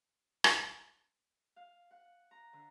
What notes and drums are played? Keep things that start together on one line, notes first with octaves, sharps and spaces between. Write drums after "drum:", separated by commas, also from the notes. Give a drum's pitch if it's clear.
drum: rim click
F5
F#5
A#5
D3